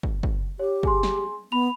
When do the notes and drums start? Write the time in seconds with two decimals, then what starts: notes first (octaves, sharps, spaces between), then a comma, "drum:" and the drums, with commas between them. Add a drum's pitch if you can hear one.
0.03 drum: kick
0.23 drum: kick
0.59 G4 C#5
0.83 G#4 G#5 C6, drum: kick
1.03 drum: snare
1.52 B3 B5 F7